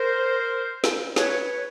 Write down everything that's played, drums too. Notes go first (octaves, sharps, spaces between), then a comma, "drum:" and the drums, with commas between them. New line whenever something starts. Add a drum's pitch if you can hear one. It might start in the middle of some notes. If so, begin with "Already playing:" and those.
Already playing: A#4 C5
drum: snare
B4 C#5, drum: snare